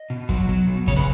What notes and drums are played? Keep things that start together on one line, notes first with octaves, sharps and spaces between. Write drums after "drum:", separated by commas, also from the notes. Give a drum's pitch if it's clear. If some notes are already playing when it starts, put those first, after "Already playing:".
Already playing: D#5
B2
F#3, drum: kick
F#3
B2
C#3 C#5, drum: kick
B4